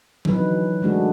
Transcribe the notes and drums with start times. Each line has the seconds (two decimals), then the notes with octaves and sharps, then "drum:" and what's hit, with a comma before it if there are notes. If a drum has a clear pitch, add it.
0.25 D3 E3 F#3 D#4 B4, drum: tom E3
0.82 D3 G#3 A3 D4 F#4 G#4